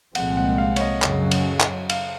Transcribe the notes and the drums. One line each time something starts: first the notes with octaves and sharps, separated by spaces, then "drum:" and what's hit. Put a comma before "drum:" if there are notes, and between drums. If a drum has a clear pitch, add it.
C2 A#2 F3 G#3 C4 F#5, drum: cymbal
F#5
F5
C#5, drum: cymbal
D#5
F#2 C#3 F#3, drum: clap
drum: cymbal
drum: clap
F5, drum: cymbal